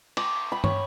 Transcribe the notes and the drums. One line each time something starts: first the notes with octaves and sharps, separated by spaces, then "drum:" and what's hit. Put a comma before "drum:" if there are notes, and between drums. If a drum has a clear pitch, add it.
D6, drum: cymbal
B5
C#5, drum: tom